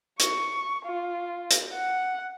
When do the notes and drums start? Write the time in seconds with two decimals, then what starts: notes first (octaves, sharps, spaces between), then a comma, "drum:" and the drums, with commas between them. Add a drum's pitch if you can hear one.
0.20 C#6, drum: hi-hat
0.86 F4
1.51 drum: hi-hat
1.73 F#5